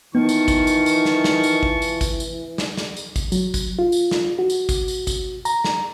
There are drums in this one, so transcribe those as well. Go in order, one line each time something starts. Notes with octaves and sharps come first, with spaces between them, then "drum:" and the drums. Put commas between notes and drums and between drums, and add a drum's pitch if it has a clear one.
D#3 E3 B3 F4 A5 C#6
drum: tambourine
drum: kick, tambourine
drum: tambourine
drum: tambourine
drum: snare
drum: snare
drum: tambourine
drum: kick
drum: tambourine
drum: kick, tambourine
drum: tambourine
drum: snare
drum: snare
drum: tambourine
drum: kick, tambourine
F#3, drum: tambourine
drum: kick, tambourine
F4
drum: tambourine
drum: snare
F#4
drum: tambourine
drum: kick, tambourine
drum: tambourine
drum: kick, tambourine
A#5, drum: tambourine
drum: snare